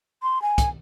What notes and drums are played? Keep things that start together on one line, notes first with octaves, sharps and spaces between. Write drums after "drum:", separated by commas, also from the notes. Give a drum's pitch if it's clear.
C6
G#5
drum: kick, hi-hat